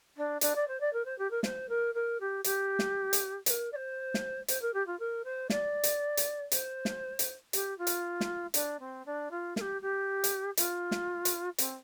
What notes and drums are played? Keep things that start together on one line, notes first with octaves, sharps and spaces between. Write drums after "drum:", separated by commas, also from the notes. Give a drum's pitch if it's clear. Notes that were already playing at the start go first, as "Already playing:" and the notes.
D4
D4, drum: hi-hat
D5
C5
D5
A#4
C5
G4
A#4
C5, drum: snare
A#4
A#4
G4
G4, drum: hi-hat
drum: snare
drum: hi-hat
C5, drum: hi-hat
A#4
D5
C5
drum: snare
C5, drum: hi-hat
A#4
G4
F4
A#4
C5
D5, drum: snare
drum: hi-hat
drum: hi-hat
C5, drum: hi-hat
drum: snare
drum: hi-hat
G4, drum: hi-hat
F4
drum: hi-hat
drum: snare
D4, drum: hi-hat
C4
D4
F4
A#4, drum: snare
G4
G4
drum: hi-hat
F4, drum: hi-hat
drum: snare
drum: hi-hat
C4, drum: hi-hat